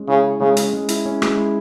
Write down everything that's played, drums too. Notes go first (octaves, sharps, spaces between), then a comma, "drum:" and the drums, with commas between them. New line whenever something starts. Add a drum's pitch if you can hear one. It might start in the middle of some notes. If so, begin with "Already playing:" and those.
Already playing: G#3 C#4
C#3 E4
G#4
C#3 G#3
C#4, drum: hi-hat
G#3
E4, drum: hi-hat
C#4
G#3, drum: rim click
E4